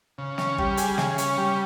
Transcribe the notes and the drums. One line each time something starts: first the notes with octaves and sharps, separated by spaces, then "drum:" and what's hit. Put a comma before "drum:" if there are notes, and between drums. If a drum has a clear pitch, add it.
C#3
C#4, drum: snare
G3, drum: kick
G#4, drum: hi-hat
C#3, drum: snare
C#4, drum: hi-hat
G3